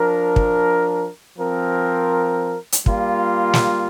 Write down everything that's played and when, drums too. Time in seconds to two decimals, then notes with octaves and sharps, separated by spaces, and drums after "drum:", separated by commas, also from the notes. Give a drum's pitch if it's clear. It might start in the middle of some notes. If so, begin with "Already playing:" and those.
Already playing: F3 D4 A#4
0.36 drum: kick
1.37 F3 C4 A#4
2.72 drum: hi-hat
2.86 G3 A#3 F4, drum: kick
3.53 drum: snare